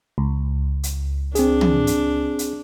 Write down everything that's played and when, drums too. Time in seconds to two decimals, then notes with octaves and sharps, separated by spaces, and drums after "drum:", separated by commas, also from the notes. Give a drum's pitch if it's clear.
0.18 C#2
0.83 drum: hi-hat
1.35 C4 D4 G#4, drum: hi-hat
1.61 drum: tom
1.87 drum: hi-hat
2.39 drum: hi-hat